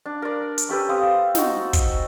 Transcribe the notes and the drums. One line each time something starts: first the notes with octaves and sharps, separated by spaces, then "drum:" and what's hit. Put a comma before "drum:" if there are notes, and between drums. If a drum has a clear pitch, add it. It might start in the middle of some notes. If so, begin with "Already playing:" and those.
D4
A#4 D5
drum: hi-hat
C#4 G4 A4 B4
C4 F5 D#6
D#4 F#4, drum: snare
drum: kick, hi-hat